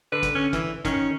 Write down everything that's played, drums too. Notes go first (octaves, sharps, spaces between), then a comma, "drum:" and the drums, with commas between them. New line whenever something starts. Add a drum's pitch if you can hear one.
D3 B4
drum: kick, hi-hat
C#4
E3, drum: kick, hi-hat
D#3 C#4, drum: kick, hi-hat